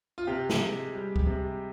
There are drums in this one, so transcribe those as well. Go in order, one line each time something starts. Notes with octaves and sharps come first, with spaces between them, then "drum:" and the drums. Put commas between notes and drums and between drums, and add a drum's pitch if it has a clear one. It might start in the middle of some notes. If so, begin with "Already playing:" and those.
F4
C3 G4
drum: snare
G#3
G3
drum: kick C#2
C3